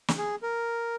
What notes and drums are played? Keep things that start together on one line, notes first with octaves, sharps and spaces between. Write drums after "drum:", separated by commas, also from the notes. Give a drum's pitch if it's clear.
drum: snare
G#4
A#4